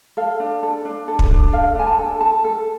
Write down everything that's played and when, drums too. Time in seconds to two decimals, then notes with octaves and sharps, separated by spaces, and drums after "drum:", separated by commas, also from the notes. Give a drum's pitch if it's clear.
0.17 A4 F5
0.40 D4
0.63 A4
0.85 D4
1.08 A4
1.19 drum: kick
1.31 D4
1.53 A4 F5
1.75 D4 G#5
1.87 A5
1.98 A4
2.21 A4 A5
2.44 A4